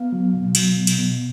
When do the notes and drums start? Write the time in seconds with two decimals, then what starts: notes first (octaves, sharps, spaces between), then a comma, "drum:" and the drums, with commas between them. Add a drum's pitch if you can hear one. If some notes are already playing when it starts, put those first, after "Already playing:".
Already playing: B3 F5
0.12 F#3
0.34 B2
0.55 F#3, drum: cymbal
0.76 B2
0.87 drum: cymbal
0.98 B2